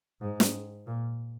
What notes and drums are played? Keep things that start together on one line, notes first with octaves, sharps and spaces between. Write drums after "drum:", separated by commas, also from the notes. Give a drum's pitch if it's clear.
G#2
drum: snare
A#2